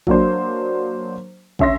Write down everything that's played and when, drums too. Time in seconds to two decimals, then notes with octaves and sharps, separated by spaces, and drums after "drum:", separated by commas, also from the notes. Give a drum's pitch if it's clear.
0.07 F#3 A#3 D4 C5, drum: kick
1.59 D2 C#4 E5 C6 A#6, drum: kick